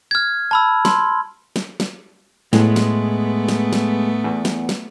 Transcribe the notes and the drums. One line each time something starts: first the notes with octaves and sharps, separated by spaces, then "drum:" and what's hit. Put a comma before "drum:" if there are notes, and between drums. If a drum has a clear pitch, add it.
F6 G#6
A5 B5 E6
C6, drum: snare
drum: snare
drum: snare
A2 G#3 A3 B3, drum: snare
drum: snare
drum: snare
drum: snare
E2
drum: snare
drum: snare